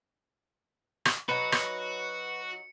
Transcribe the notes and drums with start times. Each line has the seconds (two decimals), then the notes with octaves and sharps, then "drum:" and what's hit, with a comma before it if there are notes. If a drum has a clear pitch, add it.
1.05 drum: rim click
1.29 F#3 D#4 F#4 B4 C#7
1.52 drum: rim click